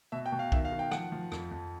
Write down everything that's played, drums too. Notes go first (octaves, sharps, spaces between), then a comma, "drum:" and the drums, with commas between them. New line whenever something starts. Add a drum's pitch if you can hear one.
B2 E5
G5
B2
F5
D#3 E5, drum: kick B1
F5
D#3
G5
F3 F#5, drum: rim click
F3
F2, drum: rim click
F2